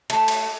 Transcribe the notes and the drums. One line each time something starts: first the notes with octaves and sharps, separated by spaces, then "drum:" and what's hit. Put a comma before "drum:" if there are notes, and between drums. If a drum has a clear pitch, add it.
A3, drum: cymbal
drum: cymbal